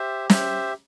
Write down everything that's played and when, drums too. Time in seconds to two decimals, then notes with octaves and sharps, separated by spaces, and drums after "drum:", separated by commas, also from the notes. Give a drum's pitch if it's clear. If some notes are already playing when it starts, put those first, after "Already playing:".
Already playing: G4 C5 E5
0.30 G4 C5 E5, drum: snare